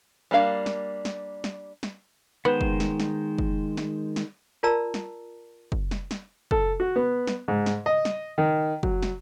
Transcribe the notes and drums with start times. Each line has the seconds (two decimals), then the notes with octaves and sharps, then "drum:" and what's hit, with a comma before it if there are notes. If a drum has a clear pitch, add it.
0.31 G3 A#3 D4 F5
0.66 drum: snare
1.05 drum: snare
1.44 drum: snare
1.83 drum: snare
2.45 D#3 G#3 B3 C5
2.61 drum: kick
2.80 drum: snare
3.00 drum: snare
3.38 drum: kick
3.77 drum: snare
4.16 drum: snare
4.63 F4 A#4 D5 A5 A#5 E6
4.94 drum: snare
5.72 drum: kick
5.91 drum: snare
6.11 drum: snare
6.51 A4, drum: kick
6.80 F#4
6.96 B3
7.27 drum: snare
7.48 G#2
7.66 drum: snare
7.86 D#5
8.05 drum: snare
8.38 D#3
8.83 F#3, drum: kick
9.02 drum: snare